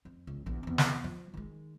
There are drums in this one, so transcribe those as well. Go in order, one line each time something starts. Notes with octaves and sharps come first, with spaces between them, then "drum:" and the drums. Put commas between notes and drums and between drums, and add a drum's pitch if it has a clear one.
F2
C#2
A#1 E2
E2 C4
drum: snare
F3
D#3 G#3